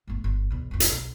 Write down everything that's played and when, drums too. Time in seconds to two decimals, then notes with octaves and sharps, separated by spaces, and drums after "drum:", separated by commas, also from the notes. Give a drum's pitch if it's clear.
0.08 G1 A3
0.24 G1
0.50 E2 B2
0.71 F#1 F2
0.80 drum: hi-hat
0.90 B1